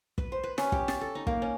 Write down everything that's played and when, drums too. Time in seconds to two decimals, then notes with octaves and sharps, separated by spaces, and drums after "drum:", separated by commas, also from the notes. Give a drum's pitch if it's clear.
0.18 B4, drum: kick
0.32 C5
0.44 B4
0.58 C#4, drum: snare
0.72 G4, drum: kick
0.88 A5, drum: snare
1.01 A4
1.15 D#4
1.27 A#3, drum: kick
1.42 C#4